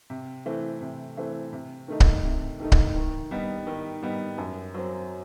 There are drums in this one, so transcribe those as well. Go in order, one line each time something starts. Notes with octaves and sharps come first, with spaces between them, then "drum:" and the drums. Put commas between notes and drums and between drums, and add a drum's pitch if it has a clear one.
C3
E3 A3 C4
C3
E3 A3 C4
C3
D#3 A3 D#4
drum: kick C#1
C3
D#3 A3 D#4
drum: kick C#1
D#3
G3 B3 D#4
D#3
G3 B3 D#4
F#2
F#3 C4